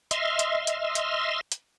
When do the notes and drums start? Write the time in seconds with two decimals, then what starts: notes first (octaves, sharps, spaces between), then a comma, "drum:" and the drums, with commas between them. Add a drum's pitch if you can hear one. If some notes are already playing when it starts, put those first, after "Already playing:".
0.11 D#5 E5 C6 E6 F6, drum: hi-hat
0.39 drum: hi-hat
0.67 drum: hi-hat
0.95 drum: hi-hat
1.52 drum: hi-hat